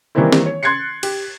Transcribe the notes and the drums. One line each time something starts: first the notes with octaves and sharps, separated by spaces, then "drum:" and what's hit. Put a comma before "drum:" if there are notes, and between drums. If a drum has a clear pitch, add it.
D#3 E3 G3 A#3 C4 E4
drum: snare
C#5
C6 F#6 G#6 A6 C7 C#7
G4, drum: cymbal